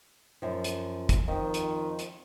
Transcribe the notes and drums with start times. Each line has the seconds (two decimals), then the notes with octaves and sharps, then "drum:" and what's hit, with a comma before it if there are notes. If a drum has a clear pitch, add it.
0.42 F#2 F3
0.64 drum: hi-hat
1.09 drum: kick, hi-hat
1.28 F2 D#3 F3
1.54 drum: hi-hat
1.99 drum: hi-hat